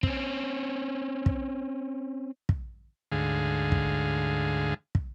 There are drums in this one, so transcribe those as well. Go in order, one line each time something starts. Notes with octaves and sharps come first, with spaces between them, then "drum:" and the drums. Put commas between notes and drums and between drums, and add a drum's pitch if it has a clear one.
C4 C#4, drum: kick
drum: kick
drum: kick
D2 G#2 D3 G#4 F5
drum: kick
drum: kick